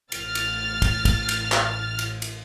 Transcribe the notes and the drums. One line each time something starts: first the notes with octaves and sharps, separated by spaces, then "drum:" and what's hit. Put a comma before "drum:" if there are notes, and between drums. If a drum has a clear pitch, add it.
A1 F6 A6, drum: cymbal
drum: cymbal
drum: kick, cymbal
drum: kick, cymbal
drum: cymbal
drum: clap
drum: cymbal
drum: cymbal